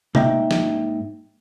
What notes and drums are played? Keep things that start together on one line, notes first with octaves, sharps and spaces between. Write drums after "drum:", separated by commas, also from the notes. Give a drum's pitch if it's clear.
G#2 A#3 D#4 D#5 E5 G5, drum: tom C3
drum: snare